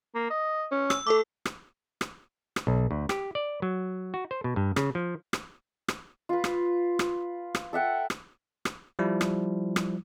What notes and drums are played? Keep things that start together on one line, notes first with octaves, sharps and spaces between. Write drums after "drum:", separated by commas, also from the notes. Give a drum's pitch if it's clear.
A#3
D#5
C#4
E6, drum: rim click
A3 A4 D6
drum: rim click
drum: rim click
drum: rim click
B1
D2
G4, drum: rim click
D5
F#3
F#4
C5
B2
G2
C#3, drum: rim click
F3
drum: rim click
drum: rim click
F4 B4
drum: rim click
drum: rim click
drum: rim click
A4 E5 F#5 G5
drum: rim click
drum: rim click
F3 G3 E4
drum: rim click
drum: rim click